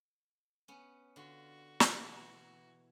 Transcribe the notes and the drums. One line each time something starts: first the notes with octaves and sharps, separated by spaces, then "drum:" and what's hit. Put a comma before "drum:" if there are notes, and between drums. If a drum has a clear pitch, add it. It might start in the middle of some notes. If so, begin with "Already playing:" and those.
B3 C#4
D3 F4 F#4
B2 E3, drum: snare